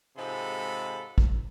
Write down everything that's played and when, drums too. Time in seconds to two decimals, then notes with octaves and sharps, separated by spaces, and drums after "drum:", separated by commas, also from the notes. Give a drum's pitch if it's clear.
0.17 G#2 C3 F3 G#3 A4 B5
1.18 drum: kick